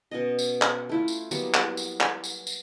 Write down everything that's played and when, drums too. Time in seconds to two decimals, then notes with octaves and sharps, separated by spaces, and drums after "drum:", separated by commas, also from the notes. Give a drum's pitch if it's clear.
0.11 B2 C#4 D#5
0.39 drum: tambourine
0.62 drum: clap
0.89 A3 E4 F4
1.08 drum: tambourine
1.31 F#3 G3 A#3 B3, drum: tambourine
1.54 drum: clap
1.77 drum: tambourine
2.00 drum: clap
2.24 drum: tambourine
2.47 drum: tambourine